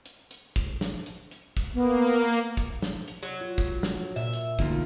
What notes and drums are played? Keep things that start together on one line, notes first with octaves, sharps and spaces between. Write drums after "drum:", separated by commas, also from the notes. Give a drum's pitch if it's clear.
drum: hi-hat
drum: hi-hat
drum: kick, hi-hat
drum: snare
drum: hi-hat
drum: hi-hat
drum: kick, hi-hat
A#3 B3
drum: hi-hat
drum: hi-hat
drum: kick, hi-hat
drum: snare
drum: hi-hat
F#3
F4
drum: kick, hi-hat
drum: snare
A#2 E5
drum: hi-hat
D2 A#3 D#4 F4, drum: kick, hi-hat